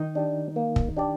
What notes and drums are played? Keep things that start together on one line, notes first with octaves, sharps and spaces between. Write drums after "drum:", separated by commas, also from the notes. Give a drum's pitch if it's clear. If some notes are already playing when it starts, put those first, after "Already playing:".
Already playing: D#3 D#4
D4 G4 D5
A#3
drum: kick
D4 G4 D5